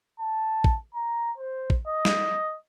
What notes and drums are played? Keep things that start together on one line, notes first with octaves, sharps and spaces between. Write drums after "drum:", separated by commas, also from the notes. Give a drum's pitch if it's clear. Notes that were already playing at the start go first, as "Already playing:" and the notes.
A5
drum: kick
A#5
C5
drum: kick
D#5
drum: snare